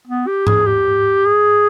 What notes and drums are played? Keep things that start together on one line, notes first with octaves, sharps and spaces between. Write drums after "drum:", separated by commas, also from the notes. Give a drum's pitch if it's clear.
B3
G4
G#4, drum: tom G#2
G4
G#4